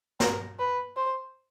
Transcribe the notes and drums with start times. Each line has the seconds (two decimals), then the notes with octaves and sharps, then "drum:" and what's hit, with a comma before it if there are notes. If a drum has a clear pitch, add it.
0.20 A#4, drum: snare
0.59 B4
0.97 C5